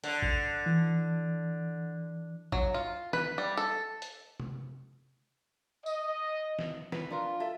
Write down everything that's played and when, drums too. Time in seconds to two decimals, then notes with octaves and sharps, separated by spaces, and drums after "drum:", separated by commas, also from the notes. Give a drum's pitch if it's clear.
0.04 D3, drum: hi-hat
0.22 drum: kick
0.66 E3
2.52 F#3, drum: kick
2.74 F4
3.13 B4, drum: snare
3.38 G3
3.57 A4
4.02 drum: hi-hat
4.40 drum: tom
5.86 D#5, drum: tambourine
6.59 drum: snare
6.92 B4, drum: snare
7.10 D4 F4 A#4
7.40 A4 E5